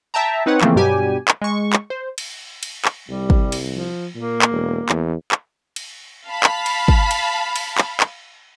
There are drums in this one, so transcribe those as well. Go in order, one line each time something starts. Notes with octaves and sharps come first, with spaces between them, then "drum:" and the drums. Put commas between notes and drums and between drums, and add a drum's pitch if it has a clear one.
E5 G5 A5 A#5
C4 D#4 B4 C#5 F#5
C#3 E3 F3 A3 A#3 C4, drum: clap
G2 B2 F#3 G3 G4 G#5
drum: clap
G#3 C#6
drum: clap
C5
drum: cymbal
drum: cymbal
drum: clap
C2 G3
drum: kick
drum: cymbal
F3
A#2 A#3
drum: clap
E1
E2, drum: clap
drum: clap
drum: cymbal
F5 A5 B5
drum: clap
drum: cymbal
drum: kick
drum: cymbal
drum: cymbal
drum: clap
drum: clap